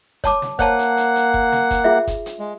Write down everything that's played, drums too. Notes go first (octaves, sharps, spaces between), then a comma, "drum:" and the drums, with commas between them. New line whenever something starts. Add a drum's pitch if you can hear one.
C#5 A5 D6, drum: kick F#1, hi-hat
drum: snare
A#3 C5 C#5 F#5 A5, drum: kick F#1, hi-hat
drum: hi-hat
drum: hi-hat
drum: hi-hat
drum: kick F#1
drum: snare
drum: kick F#1, hi-hat
F4 G#4 E5
drum: kick F#1, hi-hat
drum: hi-hat
G#3